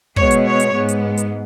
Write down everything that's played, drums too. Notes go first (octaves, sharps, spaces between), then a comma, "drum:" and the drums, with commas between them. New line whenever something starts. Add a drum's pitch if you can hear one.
B2 G#3 B3 C#5, drum: kick
drum: hi-hat
C#5
drum: hi-hat
G#2 G#3 B3
drum: hi-hat
drum: hi-hat